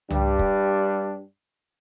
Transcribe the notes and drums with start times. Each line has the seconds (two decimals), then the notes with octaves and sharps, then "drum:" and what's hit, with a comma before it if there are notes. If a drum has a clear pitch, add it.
0.10 G2 G3 D4 G4, drum: tom C2
0.39 drum: kick